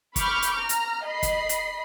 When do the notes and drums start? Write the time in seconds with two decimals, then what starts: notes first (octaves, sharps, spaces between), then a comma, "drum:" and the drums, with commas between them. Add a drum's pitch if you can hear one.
0.16 B5 C#6 D6 F6 G6, drum: kick, hi-hat
0.42 drum: hi-hat
0.55 A#5 F6
0.69 drum: hi-hat
1.05 D#5 B5 C7
1.23 drum: kick, hi-hat
1.49 drum: hi-hat